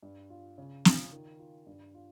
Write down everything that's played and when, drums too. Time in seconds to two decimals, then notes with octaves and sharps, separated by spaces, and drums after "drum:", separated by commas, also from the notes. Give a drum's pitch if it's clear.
0.03 G2
0.30 F4
0.58 C#3
0.85 F4, drum: snare
1.12 D#3
1.39 F4
1.67 G2
1.94 F4